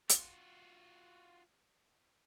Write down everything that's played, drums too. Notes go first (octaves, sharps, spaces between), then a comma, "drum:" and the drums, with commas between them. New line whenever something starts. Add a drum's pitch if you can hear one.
F4 F#4, drum: hi-hat